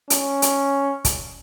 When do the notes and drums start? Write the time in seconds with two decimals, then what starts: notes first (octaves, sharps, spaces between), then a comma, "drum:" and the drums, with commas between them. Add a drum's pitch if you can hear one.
0.10 C#4, drum: hi-hat
0.42 drum: hi-hat
1.05 drum: kick, hi-hat